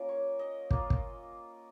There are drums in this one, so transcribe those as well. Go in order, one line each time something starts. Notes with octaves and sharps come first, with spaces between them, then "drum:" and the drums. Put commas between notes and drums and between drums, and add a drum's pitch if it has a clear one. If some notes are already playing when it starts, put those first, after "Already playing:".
Already playing: A#3 C#4 F4 A#4
C#5
D#5
A#3 F4, drum: kick
drum: kick